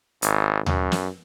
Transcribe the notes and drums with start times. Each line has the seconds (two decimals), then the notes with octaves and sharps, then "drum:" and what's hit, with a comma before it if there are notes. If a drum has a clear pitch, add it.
0.22 G#1, drum: hi-hat
0.66 F#2, drum: tom D2
0.92 drum: snare